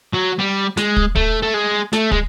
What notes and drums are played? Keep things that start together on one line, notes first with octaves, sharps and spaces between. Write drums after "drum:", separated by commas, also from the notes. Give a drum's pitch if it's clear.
F#3
G3
G#3, drum: snare
drum: kick
A3, drum: kick
A3
G#3
A3, drum: snare
G#3, drum: kick